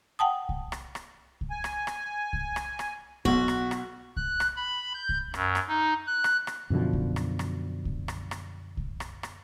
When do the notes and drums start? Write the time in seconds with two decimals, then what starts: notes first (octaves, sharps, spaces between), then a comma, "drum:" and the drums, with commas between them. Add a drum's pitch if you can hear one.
0.19 F#5 G5 A5 D#6
0.49 drum: kick C2
0.72 drum: rim click
0.95 drum: rim click
1.41 drum: kick C2
1.51 G#5
1.64 drum: rim click
1.87 drum: rim click
2.33 drum: kick C2
2.56 drum: rim click
2.79 drum: rim click
3.25 B1 B2 F#4, drum: kick C2
3.48 drum: rim click
3.71 drum: rim click
4.17 F#6, drum: kick C2
4.40 drum: rim click
4.56 B5
4.94 G6
5.09 drum: kick C2
5.34 F#2, drum: rim click
5.55 drum: rim click
5.68 D#4
6.07 F#6
6.24 drum: rim click
6.47 drum: rim click
6.70 F#2 B2 D3 F3
6.93 drum: kick C2
7.16 drum: rim click
7.39 drum: rim click
7.85 drum: kick C2
8.08 drum: rim click
8.31 drum: rim click
8.77 drum: kick C2
9.00 drum: rim click
9.23 drum: rim click